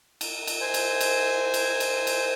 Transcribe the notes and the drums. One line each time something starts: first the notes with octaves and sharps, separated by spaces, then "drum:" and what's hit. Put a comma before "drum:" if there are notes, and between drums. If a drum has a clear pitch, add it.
drum: cymbal
drum: cymbal
C5 G#5
drum: cymbal
drum: cymbal
drum: cymbal
drum: cymbal
drum: cymbal